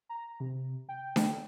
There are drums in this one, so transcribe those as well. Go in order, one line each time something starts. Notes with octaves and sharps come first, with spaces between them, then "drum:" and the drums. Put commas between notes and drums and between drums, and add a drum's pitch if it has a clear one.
A#5
C3
G5
drum: snare D4